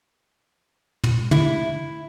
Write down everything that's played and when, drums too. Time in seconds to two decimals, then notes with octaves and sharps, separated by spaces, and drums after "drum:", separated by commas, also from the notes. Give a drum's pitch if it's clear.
1.04 drum: tom
1.31 E4, drum: tom